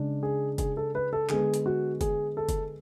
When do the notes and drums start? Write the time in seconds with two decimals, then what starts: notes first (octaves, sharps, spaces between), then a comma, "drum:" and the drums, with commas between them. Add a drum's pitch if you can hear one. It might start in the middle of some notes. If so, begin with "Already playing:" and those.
Already playing: C#3 G#3 D4
0.23 G#4
0.58 G#4, drum: kick, hi-hat
0.77 A4
0.95 B4
1.13 A4
1.29 D3 G#3 B3 G#4, drum: clap
1.54 drum: hi-hat
1.66 F#4
2.01 G#4, drum: kick, hi-hat
2.37 A4
2.49 drum: kick, hi-hat